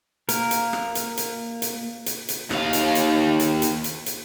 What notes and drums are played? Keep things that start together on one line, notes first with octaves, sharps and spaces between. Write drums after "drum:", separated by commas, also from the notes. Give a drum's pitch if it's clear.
A#3 A#4, drum: hi-hat
drum: hi-hat
drum: rim click
drum: hi-hat
drum: hi-hat
drum: hi-hat
drum: hi-hat
drum: hi-hat
D#2 F5, drum: rim click
drum: hi-hat
drum: hi-hat
drum: hi-hat
drum: hi-hat
drum: hi-hat
drum: hi-hat